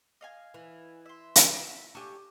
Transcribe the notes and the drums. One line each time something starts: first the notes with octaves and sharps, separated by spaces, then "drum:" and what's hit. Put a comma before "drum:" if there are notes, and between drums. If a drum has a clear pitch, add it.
D#5 F5 G#5
E3
E5 C6
drum: hi-hat
E5
D4 G4 G#5 C#6 E6